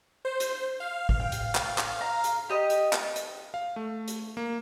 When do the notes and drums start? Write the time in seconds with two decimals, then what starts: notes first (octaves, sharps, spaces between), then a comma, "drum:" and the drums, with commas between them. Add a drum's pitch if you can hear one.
0.25 C5
0.40 drum: hi-hat
0.80 F5
1.09 drum: kick
1.20 G5
1.32 drum: hi-hat
1.55 drum: clap
1.78 drum: clap
2.01 A#5
2.24 drum: hi-hat
2.49 G4 D#5
2.70 drum: hi-hat
2.93 drum: clap
3.16 drum: hi-hat
3.54 F5
3.76 A3
4.08 drum: hi-hat
4.37 A#3